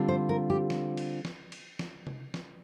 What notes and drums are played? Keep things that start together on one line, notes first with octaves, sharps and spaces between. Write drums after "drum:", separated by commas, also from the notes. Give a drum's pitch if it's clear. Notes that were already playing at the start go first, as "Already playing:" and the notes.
Already playing: D3 G3 C4 F4
C5
A#4
G4
drum: snare
drum: cymbal
drum: snare
drum: cymbal
drum: snare
drum: tom C3
drum: snare